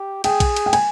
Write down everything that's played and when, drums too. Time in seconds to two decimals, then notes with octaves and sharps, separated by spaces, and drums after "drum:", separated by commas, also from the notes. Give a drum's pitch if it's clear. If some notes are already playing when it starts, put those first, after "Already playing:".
Already playing: G4
0.24 G#4 G5, drum: cymbal
0.40 drum: kick A#1, cymbal
0.56 drum: cymbal
0.66 G5
0.73 G#5, drum: cymbal